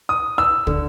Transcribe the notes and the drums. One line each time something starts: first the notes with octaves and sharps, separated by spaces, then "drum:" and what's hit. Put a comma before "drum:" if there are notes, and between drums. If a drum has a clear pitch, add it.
D#6
E6
D3, drum: kick